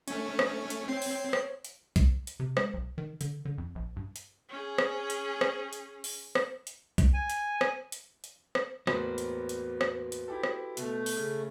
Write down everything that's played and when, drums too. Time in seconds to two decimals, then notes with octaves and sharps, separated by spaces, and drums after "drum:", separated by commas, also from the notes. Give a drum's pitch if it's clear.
0.08 A3 C#4 D4, drum: hi-hat
0.39 drum: rim click
0.70 drum: hi-hat
0.88 C4 C#5 C7
1.02 drum: open hi-hat
1.33 drum: rim click
1.65 drum: hi-hat
1.96 drum: kick B1, hi-hat
2.27 drum: hi-hat
2.40 C3
2.57 G#3, drum: rim click
2.74 B1
2.98 D#3
3.21 D3, drum: hi-hat
3.45 D3
3.58 F2
3.75 A#1
3.96 G2
4.16 drum: hi-hat
4.49 C#4 G#4
4.78 drum: rim click
5.10 drum: hi-hat
5.41 drum: rim click
5.73 drum: hi-hat
6.04 drum: open hi-hat
6.35 drum: rim click
6.67 drum: hi-hat
6.98 drum: kick B1, hi-hat
7.14 G#5
7.30 drum: hi-hat
7.61 drum: rim click
7.92 drum: hi-hat
8.24 drum: hi-hat
8.55 drum: rim click
8.87 E2 A2 A#3 F#4 B4 C5, drum: rim click
9.18 drum: hi-hat
9.49 drum: hi-hat
9.81 drum: rim click
10.12 drum: hi-hat
10.28 E4 G4 A4
10.43 drum: rim click
10.77 B2 A3 F#5, drum: hi-hat
11.06 drum: open hi-hat
11.17 C#3